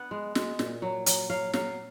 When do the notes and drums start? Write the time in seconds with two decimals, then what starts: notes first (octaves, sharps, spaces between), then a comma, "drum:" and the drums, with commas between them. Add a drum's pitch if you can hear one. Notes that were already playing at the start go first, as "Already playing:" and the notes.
Already playing: B3 D4 F#5
0.11 G#3
0.35 G#3, drum: snare
0.59 A#2, drum: snare
0.82 F#3
1.06 F#3, drum: hi-hat
1.30 F#3 F5
1.53 F#3 F5, drum: snare